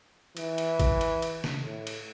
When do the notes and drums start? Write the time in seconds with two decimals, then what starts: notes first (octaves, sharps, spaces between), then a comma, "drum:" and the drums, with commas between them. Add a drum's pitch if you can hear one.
0.37 E3, drum: cymbal
0.58 drum: cymbal
0.79 drum: kick A1, cymbal
1.01 drum: cymbal
1.22 drum: cymbal
1.44 drum: snare
1.60 A2
1.87 drum: cymbal